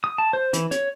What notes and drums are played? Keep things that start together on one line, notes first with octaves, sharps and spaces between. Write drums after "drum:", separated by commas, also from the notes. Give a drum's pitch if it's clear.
D#6
A5
C5
E3, drum: hi-hat
C#5, drum: hi-hat